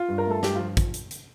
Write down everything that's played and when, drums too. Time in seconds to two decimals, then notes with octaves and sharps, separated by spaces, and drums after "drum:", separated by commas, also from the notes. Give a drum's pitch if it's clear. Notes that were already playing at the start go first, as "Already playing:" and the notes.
Already playing: F4
0.09 G2
0.18 A#4
0.27 A3 A4
0.43 G2 G4, drum: snare
0.55 F3 F4
0.77 drum: kick, hi-hat
0.94 drum: hi-hat
1.11 drum: hi-hat